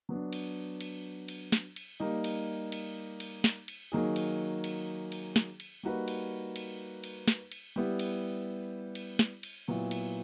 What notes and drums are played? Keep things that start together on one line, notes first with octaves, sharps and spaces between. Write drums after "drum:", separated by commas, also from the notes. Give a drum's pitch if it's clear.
F#3 B3 D4
drum: cymbal
drum: cymbal
drum: cymbal
drum: snare
drum: cymbal
G3 A#3 D#4
drum: cymbal
drum: cymbal
drum: cymbal
drum: snare
drum: cymbal
D#3 F#3 A#3 D#4 G#4
drum: cymbal
drum: cymbal
drum: cymbal
drum: snare
drum: cymbal
G3 A#3 D#4 F#4 B4
drum: cymbal
drum: cymbal
drum: cymbal
drum: snare
drum: cymbal
G3 B3 E4
drum: cymbal
drum: cymbal
drum: snare
drum: cymbal
A#2 F#3 B3 E4
drum: cymbal